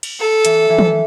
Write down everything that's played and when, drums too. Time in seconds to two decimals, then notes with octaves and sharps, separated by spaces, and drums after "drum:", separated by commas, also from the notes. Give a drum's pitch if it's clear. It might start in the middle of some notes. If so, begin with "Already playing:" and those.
0.03 drum: cymbal
0.20 A4
0.45 E3, drum: hi-hat
0.69 E3
0.78 drum: tom